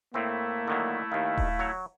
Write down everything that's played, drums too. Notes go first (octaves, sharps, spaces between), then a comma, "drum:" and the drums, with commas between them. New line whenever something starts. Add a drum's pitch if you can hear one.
A2 A3 A#3 C4 E4
D3 D#3 F#3
D#2 D#3 F5
drum: kick D#1
F#3 C#5